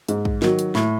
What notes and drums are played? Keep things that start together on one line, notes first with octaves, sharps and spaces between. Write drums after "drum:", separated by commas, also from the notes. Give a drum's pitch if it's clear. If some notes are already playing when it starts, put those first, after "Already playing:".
G#2, drum: hi-hat
drum: kick
D#3 F#3, drum: snare
drum: hi-hat
A2, drum: snare